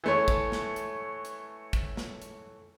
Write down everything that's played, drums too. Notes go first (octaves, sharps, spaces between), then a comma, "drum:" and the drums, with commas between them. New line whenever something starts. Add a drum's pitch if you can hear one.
E3 A3 C#5
drum: kick, hi-hat
drum: snare
drum: hi-hat
drum: hi-hat
drum: kick, hi-hat
drum: snare
drum: hi-hat